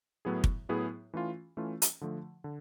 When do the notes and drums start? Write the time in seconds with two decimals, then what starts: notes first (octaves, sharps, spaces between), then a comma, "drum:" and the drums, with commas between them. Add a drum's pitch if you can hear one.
0.25 A2 F#3 B3 E4 G#4
0.44 drum: kick
0.69 A2 F#3 B3 E4 G#4
1.14 E3 A3 C#4 F4
1.57 E3 A3 C#4 F4
1.82 drum: hi-hat
2.01 D3 F3 A3
2.44 D3